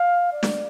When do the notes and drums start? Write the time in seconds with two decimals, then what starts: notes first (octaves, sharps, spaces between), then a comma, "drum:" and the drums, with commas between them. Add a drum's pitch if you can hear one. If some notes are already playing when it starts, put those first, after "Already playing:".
Already playing: F5
0.33 D5
0.43 drum: snare